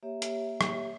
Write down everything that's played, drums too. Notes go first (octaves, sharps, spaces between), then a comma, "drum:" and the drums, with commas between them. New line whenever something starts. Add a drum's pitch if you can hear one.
A#3 G4 C#5 E5
drum: hi-hat
drum: rim click